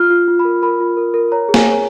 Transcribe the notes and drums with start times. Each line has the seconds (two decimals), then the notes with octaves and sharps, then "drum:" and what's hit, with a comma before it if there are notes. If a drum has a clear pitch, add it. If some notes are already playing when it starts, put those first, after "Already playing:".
Already playing: F4 F6
0.10 F4
0.28 F4
0.39 B5
0.45 A#4
0.62 A#4 B5
0.80 F4
0.97 A#4
1.14 A#4
1.32 C#5 A#5
1.49 G#4
1.54 G#5, drum: snare
1.66 C#5